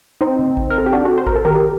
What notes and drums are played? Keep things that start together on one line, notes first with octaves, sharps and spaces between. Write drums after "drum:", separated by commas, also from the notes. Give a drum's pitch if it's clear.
C4 D#4
drum: tom C#3
drum: kick A1
A#4
A4
G4
D4 F#4
F#4 A4
C5
A#4, drum: kick A1
A4
G4 A#4, drum: tom D#3
G4